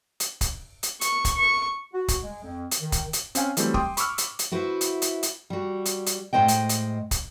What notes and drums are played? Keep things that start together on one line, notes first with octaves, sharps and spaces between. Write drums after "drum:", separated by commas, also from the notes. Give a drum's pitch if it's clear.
drum: hi-hat
drum: kick, hi-hat
drum: hi-hat
C#6, drum: hi-hat
drum: kick, hi-hat
C#6
F#4
drum: kick, hi-hat
G#3
F2
drum: hi-hat
D#3
drum: kick, hi-hat
drum: hi-hat
C4 C#4 F5 G#5, drum: hi-hat
E3 F#3 G3 A3 C4, drum: hi-hat
G5 C6 D6 D#6, drum: kick
B5 C#6 D6 E6 F6, drum: hi-hat
drum: hi-hat
drum: hi-hat
E4 F#4 B4 C5 E5
drum: hi-hat
drum: hi-hat
drum: hi-hat
G3 F#4
drum: hi-hat
drum: hi-hat
A2 G#3 C4 C5 D#5 G5
drum: hi-hat
drum: hi-hat
drum: kick, hi-hat